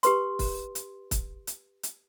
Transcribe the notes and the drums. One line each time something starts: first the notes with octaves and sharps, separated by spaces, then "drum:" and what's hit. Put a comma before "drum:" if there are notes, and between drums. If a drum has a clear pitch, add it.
G4 B4 C6, drum: hi-hat
drum: kick, open hi-hat
drum: hi-hat
drum: kick, hi-hat
drum: hi-hat
drum: hi-hat